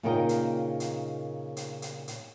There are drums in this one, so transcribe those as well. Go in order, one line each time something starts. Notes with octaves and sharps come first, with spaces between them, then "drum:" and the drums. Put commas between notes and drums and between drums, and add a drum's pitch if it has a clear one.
A#2 C#3 D#4 A#4 D#5 G5
drum: hi-hat
drum: hi-hat
drum: hi-hat
drum: hi-hat
drum: hi-hat